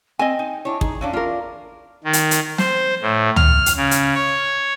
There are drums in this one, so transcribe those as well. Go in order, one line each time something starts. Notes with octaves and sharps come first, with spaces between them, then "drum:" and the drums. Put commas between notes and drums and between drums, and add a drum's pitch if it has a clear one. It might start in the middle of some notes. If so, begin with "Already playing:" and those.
C4 D#5 G5 G#5
D#4
D4 E4 C#5
D#4 G#4, drum: kick
E3 C#4 D4 F5
F4 A#4 D5
D#3
drum: hi-hat
drum: hi-hat
C5, drum: snare
A2
F6, drum: tom
drum: hi-hat
C#3
drum: hi-hat
C#5